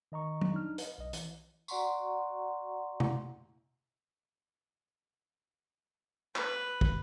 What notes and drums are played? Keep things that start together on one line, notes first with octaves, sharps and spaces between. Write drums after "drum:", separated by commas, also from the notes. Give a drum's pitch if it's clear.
D#3 D#5 A#5 C#6
drum: tom F#3
D4 D#4 F6
B4 D#5, drum: hi-hat
B1 D#5
E3, drum: hi-hat
F#4 D5 F#5 A#5 C6 C#6, drum: tambourine
drum: tom C3
B4, drum: clap
drum: kick